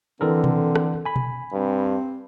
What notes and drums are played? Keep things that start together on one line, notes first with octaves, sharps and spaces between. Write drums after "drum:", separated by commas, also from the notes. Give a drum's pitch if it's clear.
D3 E3 C4 A4 A#4
drum: tom B2
drum: rim click
G#5 B5
drum: tom B2
G2 C4